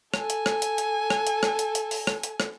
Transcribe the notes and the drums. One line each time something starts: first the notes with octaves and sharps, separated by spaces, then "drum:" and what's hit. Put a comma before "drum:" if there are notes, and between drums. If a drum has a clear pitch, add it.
A4 G#5, drum: rim click
drum: hi-hat
drum: rim click
drum: hi-hat
drum: hi-hat
drum: rim click
drum: hi-hat
drum: rim click
drum: hi-hat
drum: hi-hat
drum: open hi-hat
drum: rim click
drum: hi-hat
drum: rim click